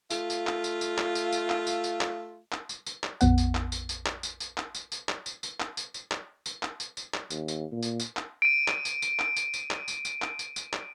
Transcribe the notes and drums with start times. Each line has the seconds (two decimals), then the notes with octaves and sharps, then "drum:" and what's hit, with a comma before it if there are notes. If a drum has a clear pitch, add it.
0.10 A3 F4, drum: tambourine
0.30 drum: tambourine
0.47 drum: clap
0.64 drum: tambourine
0.81 drum: tambourine
0.98 drum: clap
1.15 drum: tambourine
1.32 drum: tambourine
1.50 drum: clap
1.67 drum: tambourine
1.84 drum: tambourine
2.01 drum: clap
2.52 drum: clap
2.69 drum: tambourine
2.86 drum: tambourine
3.04 drum: clap
3.21 A#1 F2 B3 F#5, drum: tambourine
3.38 drum: tambourine
3.55 drum: clap
3.72 drum: tambourine
3.89 drum: tambourine
4.06 drum: clap
4.23 drum: tambourine
4.40 drum: tambourine
4.58 drum: clap
4.75 drum: tambourine
4.92 drum: tambourine
5.09 drum: clap
5.26 drum: tambourine
5.43 drum: tambourine
5.60 drum: clap
5.77 drum: tambourine
5.94 drum: tambourine
6.11 drum: clap
6.46 drum: tambourine
6.63 drum: clap
6.80 drum: tambourine
6.97 drum: tambourine
7.14 drum: clap
7.30 D#2, drum: tambourine
7.48 drum: tambourine
7.72 A#2
7.83 drum: tambourine
8.00 drum: tambourine
8.17 drum: clap
8.42 D7 D#7
8.68 drum: clap
8.85 drum: tambourine
9.02 drum: tambourine
9.19 drum: clap
9.36 drum: tambourine
9.54 drum: tambourine
9.71 drum: clap
9.88 drum: tambourine
10.05 drum: tambourine
10.22 drum: clap
10.39 drum: tambourine
10.56 drum: tambourine
10.73 drum: clap